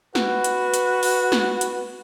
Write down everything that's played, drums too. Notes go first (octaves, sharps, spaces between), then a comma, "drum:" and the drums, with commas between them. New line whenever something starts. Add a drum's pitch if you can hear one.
F#4 B4, drum: snare
drum: hi-hat
drum: hi-hat
drum: open hi-hat
drum: snare
drum: hi-hat